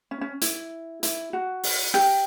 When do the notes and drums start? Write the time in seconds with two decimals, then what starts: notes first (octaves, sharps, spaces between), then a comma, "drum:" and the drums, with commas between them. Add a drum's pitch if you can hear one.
0.11 C#4
0.21 C#4
0.41 E4, drum: hi-hat
1.03 E4, drum: hi-hat
1.33 F#4
1.63 drum: open hi-hat
1.94 G4, drum: rim click